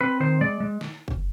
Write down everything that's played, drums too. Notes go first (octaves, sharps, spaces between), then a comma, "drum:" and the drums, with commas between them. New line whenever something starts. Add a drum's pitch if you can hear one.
C4 B4
D#3 C5
G#3 D5
G#3
drum: snare
drum: kick